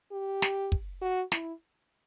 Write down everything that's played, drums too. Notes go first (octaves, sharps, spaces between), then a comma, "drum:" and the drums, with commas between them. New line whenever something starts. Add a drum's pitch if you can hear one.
G4
drum: snare
drum: kick
F#4
E4, drum: snare